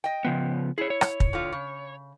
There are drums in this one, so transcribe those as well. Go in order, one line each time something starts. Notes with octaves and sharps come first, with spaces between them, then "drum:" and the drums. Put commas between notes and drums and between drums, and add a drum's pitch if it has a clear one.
D#5 G5
C#3 F3 B3
E4 G#4 C#5
C#5
drum: rim click
drum: kick
A2 D3 F4
C#3